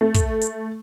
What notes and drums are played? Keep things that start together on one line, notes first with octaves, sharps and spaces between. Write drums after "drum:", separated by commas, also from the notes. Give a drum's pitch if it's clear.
A3
drum: kick, hi-hat
drum: hi-hat